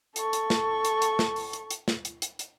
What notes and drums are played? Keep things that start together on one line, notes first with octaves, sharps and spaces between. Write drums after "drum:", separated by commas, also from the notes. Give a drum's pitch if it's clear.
A4 C#6, drum: hi-hat
drum: hi-hat
drum: snare
drum: hi-hat
drum: hi-hat
drum: snare
drum: open hi-hat
drum: hi-hat
drum: hi-hat
drum: snare
drum: hi-hat
drum: hi-hat
drum: hi-hat